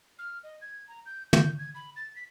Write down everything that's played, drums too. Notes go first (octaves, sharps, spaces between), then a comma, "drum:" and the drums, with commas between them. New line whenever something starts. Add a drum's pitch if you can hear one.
F6
D#5
G#6
A#5
G6
G6, drum: tom
G#6
B5
A6
B6